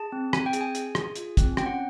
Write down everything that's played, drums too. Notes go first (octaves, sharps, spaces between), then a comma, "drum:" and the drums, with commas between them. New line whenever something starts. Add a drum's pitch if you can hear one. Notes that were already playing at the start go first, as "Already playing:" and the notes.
Already playing: G#4 A5
C4
C4 G#5, drum: rim click
G5
G#4, drum: hi-hat
G#5
G#4, drum: hi-hat
G#4, drum: rim click
F4, drum: hi-hat
C4, drum: kick, hi-hat
C#4 G5, drum: rim click
F#5